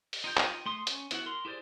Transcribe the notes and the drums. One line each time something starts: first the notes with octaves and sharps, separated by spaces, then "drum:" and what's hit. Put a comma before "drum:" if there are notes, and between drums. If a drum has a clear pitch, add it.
drum: open hi-hat
D#4 F4 G5 G6
drum: clap
A3 C6 D#6
C#4, drum: hi-hat
B3 E4 F#4 F#5, drum: hi-hat
A#4 C6
E4 G4 G#4 C5 D5